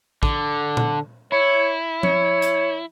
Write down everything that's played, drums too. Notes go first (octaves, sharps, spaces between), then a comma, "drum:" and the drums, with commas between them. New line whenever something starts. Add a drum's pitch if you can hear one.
D3, drum: kick
drum: tom A#2
E4 C#5
C#5, drum: tom F3
drum: hi-hat